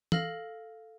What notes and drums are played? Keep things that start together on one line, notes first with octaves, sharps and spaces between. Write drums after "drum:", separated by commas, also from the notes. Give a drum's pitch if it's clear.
A4 F5 F6 A#6 F#7, drum: tom